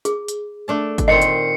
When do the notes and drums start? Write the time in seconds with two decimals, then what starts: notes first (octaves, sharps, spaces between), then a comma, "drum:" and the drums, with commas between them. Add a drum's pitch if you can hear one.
0.05 G#4, drum: hi-hat
0.28 drum: hi-hat
0.68 A3 D4 A5
0.98 drum: kick G1, hi-hat
1.08 A#2 D#3 C4 D#5 C7 C#7
1.22 drum: hi-hat